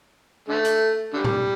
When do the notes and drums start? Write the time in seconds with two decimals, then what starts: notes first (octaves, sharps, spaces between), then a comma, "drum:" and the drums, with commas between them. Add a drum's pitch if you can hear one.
0.49 D3 A3
0.64 drum: hi-hat
1.13 D3 G3
1.25 drum: tom A2